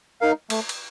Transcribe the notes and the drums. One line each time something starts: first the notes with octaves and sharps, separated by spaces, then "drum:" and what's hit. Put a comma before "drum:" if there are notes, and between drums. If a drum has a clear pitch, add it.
D#4 A#4 F5
A3, drum: cymbal
drum: cymbal